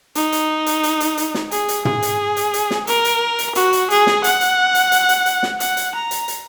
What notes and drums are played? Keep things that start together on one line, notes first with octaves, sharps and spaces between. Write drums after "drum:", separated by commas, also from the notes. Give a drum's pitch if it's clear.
D#4, drum: hi-hat
drum: hi-hat
drum: hi-hat
drum: hi-hat
drum: hi-hat
drum: hi-hat
drum: snare
G#4, drum: hi-hat
drum: hi-hat
G#4, drum: tom
drum: hi-hat
drum: hi-hat
drum: hi-hat
drum: snare
A#4, drum: hi-hat
drum: hi-hat
drum: hi-hat
F#4, drum: hi-hat
drum: hi-hat
G#4, drum: hi-hat
drum: snare
F#5, drum: hi-hat
drum: hi-hat
drum: hi-hat
drum: hi-hat
drum: hi-hat
drum: hi-hat
drum: snare
F#5, drum: hi-hat
drum: hi-hat
A#5
drum: hi-hat
drum: hi-hat